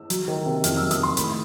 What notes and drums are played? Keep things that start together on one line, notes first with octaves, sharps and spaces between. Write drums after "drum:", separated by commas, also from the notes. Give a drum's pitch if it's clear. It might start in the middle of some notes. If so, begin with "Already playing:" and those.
Already playing: E6
F#3, drum: hi-hat
D#3
C3
F2 F6, drum: hi-hat
E6
F#3
D#6, drum: hi-hat
D#3 C6
A2 B5, drum: hi-hat